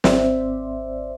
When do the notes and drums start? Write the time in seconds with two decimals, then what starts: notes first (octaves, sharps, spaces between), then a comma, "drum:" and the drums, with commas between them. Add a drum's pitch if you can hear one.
0.04 G#1 C4 C5 D5 E5, drum: snare